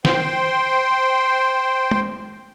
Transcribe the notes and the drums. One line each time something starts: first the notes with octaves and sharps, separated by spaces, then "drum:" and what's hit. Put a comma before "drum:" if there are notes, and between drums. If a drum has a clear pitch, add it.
C5 G5 C6, drum: snare
drum: tom